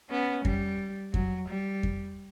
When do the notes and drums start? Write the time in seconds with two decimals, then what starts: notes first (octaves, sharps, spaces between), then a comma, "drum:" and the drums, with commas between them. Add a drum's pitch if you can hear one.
0.09 B3 C#4
0.45 G3, drum: kick F2
1.14 F#3, drum: kick F2
1.49 G3
1.83 drum: kick F2